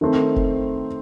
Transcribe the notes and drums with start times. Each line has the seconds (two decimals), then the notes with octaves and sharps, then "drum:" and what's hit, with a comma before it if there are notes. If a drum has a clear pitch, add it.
0.01 D#3 A3 C4
0.36 drum: kick F1